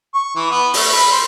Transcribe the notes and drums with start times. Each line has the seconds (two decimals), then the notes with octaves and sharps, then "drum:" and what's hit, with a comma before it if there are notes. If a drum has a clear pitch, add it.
0.14 C#6
0.35 E3
0.51 B3
0.74 A3, drum: open hi-hat
0.93 B5
1.12 C5